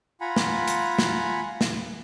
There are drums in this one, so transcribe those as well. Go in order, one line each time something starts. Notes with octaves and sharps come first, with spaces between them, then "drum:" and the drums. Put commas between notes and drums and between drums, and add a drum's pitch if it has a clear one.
F4 F#5 G#5 A#5 B5
drum: snare
drum: hi-hat
drum: snare
drum: snare